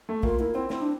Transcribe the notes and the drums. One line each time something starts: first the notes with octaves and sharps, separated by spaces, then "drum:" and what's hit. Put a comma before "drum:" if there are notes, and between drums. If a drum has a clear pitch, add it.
A3
A#3 F4, drum: kick
A#3 E4
C4 E4
C4 E4, drum: snare
D4